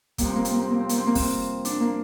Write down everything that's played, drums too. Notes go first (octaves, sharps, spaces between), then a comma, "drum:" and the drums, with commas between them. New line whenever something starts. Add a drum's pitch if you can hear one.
F2 C3 G3 A#3, drum: kick, hi-hat
C4
A#3
C4, drum: hi-hat
A#3
C4
A#3
C4
A#3, drum: hi-hat
C4
A#3
C4, drum: kick, open hi-hat
D4, drum: hi-hat
A#3